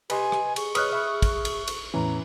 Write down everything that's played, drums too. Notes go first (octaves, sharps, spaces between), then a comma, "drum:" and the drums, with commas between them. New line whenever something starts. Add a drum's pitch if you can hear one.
G4 B4 D#5 G#5 C6, drum: cymbal
drum: rim click
G#4 C#6, drum: cymbal
B4 C#5 D#5 D#6 F6 F#6, drum: cymbal
E5 B5
drum: kick, cymbal
drum: cymbal
drum: cymbal
E2 A2 E3 C#4 A#5